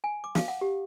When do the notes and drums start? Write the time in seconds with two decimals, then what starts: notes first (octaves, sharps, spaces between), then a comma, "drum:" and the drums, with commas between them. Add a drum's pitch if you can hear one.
0.04 G#5
0.24 D6
0.35 F5, drum: snare
0.48 F#5
0.61 G4